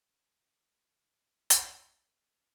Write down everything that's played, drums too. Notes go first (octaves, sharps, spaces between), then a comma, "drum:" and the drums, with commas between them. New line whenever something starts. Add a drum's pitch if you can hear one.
D#5 A5
drum: hi-hat